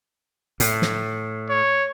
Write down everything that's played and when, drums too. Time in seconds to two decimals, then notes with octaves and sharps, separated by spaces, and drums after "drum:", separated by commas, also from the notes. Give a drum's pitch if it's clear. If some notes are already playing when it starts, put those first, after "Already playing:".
0.60 A2, drum: hi-hat
0.82 drum: snare
1.49 C#5